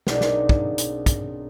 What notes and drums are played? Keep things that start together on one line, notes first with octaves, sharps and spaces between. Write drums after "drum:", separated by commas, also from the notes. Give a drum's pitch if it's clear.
B1 A#3 C4 D4 D#4 G#4, drum: snare
drum: snare
drum: kick
drum: hi-hat
drum: kick, hi-hat